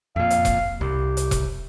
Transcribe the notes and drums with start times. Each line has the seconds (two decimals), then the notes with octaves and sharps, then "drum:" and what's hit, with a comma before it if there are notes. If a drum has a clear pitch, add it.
0.16 F2 A#2 F5
0.30 drum: hi-hat
0.45 drum: kick E1, hi-hat
0.81 C2 G4
1.17 drum: hi-hat
1.31 drum: kick E1, hi-hat